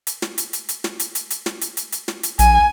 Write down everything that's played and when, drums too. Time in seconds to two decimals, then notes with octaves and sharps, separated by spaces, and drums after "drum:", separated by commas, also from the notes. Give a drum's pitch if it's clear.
0.07 drum: hi-hat
0.22 drum: snare
0.38 drum: hi-hat
0.53 drum: hi-hat
0.69 drum: hi-hat
0.84 drum: snare
1.00 drum: hi-hat
1.15 drum: hi-hat
1.30 drum: hi-hat
1.46 drum: snare
1.61 drum: hi-hat
1.77 drum: hi-hat
1.92 drum: hi-hat
2.08 drum: snare
2.23 drum: hi-hat
2.39 A#1 G#5, drum: hi-hat